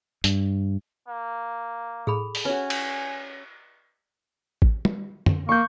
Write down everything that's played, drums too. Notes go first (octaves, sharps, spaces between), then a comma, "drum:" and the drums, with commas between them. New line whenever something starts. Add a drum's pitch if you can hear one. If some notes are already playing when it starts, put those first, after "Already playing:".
G2, drum: hi-hat
A#3
A2 G#4 A4 B5
drum: open hi-hat
C#4 F#4 B4 G#5
drum: cymbal
drum: kick A1
drum: tom
drum: tom
A#3 C#6 G6